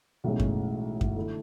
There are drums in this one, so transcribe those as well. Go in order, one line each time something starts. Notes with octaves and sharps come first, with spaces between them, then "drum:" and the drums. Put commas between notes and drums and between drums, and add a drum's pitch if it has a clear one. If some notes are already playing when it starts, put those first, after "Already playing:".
B1 A2 E3 G#3 C#4
drum: kick F#2
drum: kick F#2
D3 A3 E4